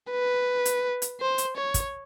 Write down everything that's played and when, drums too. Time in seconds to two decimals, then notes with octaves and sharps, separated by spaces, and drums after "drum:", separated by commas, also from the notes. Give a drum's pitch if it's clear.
0.11 B4
0.65 drum: hi-hat
1.02 drum: hi-hat
1.20 C5
1.38 drum: hi-hat
1.56 C#5
1.74 drum: kick, hi-hat